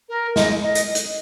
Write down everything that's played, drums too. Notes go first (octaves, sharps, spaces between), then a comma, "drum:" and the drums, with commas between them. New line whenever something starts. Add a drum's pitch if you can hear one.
A#4
D#5, drum: snare
D#5
drum: hi-hat
drum: hi-hat